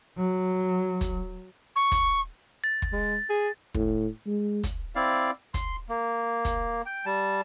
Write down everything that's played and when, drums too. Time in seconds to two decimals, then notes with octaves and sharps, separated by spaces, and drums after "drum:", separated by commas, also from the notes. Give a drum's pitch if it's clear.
0.17 F#3
1.01 drum: kick, hi-hat
1.76 C#6
1.92 drum: kick, hi-hat
2.64 A6
2.82 drum: kick
2.93 G#3
3.30 G#4
3.74 A2, drum: kick
4.27 G#3
4.64 drum: kick, hi-hat
4.95 C4 E4 D5 F5
5.54 C6, drum: kick, hi-hat
5.89 A#3
6.45 drum: kick, hi-hat
6.86 G5
7.06 G3 A5